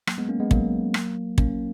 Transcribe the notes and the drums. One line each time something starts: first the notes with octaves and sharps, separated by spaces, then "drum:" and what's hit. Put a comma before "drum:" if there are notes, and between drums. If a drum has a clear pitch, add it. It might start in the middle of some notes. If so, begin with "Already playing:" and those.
F#3 A#3, drum: rim click
G#3 B3
A#3 C#4
G#3 B3
F#3 A#3, drum: kick
drum: rim click
A#3 C#4, drum: kick